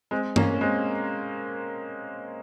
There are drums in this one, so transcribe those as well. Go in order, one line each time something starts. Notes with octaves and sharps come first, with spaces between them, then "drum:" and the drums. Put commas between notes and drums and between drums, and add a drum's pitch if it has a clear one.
G#3 C4
A#3 C#4, drum: tom G2
G#3 C4